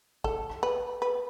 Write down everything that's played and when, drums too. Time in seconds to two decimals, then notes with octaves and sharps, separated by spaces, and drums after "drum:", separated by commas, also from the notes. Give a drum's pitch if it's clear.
0.24 A4, drum: kick G#1
0.50 drum: rim click
0.63 B4
1.02 B4